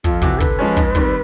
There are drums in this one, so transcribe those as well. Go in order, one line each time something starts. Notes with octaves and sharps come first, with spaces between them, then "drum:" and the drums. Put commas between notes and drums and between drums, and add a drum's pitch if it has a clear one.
F2 F4, drum: kick, hi-hat
C3 E3 F#4, drum: kick, hi-hat
D3 B4, drum: kick, hi-hat
F3 G#3 C#4
G#2, drum: kick, hi-hat
D#3 G3 C4, drum: kick, hi-hat